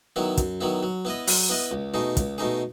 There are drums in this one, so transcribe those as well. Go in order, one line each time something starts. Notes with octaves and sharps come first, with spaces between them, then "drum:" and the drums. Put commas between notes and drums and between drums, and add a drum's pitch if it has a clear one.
D#3 F#3 B3 E4
F#2, drum: kick, hi-hat
D#3 F#3 B3 E4
F#3
B3 E4 B4 D#5
F#3, drum: open hi-hat
B3 E4 B4 D#5
C#2
B2 A3 D#4 G#4
C#2, drum: kick, hi-hat
B2 A3 D#4 G#4